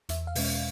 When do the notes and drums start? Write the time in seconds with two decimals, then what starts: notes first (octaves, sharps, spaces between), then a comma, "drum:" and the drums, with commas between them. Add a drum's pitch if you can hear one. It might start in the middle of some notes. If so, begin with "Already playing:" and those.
0.09 E2 E5, drum: hi-hat
0.27 F5
0.35 B2 G#3 C#4, drum: open hi-hat